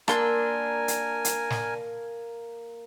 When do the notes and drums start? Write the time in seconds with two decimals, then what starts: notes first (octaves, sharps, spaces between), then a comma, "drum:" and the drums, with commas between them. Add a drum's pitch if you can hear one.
0.08 A#3 D4 A#4 G#5 C6 E6, drum: rim click
0.88 drum: hi-hat
1.25 drum: hi-hat
1.50 drum: snare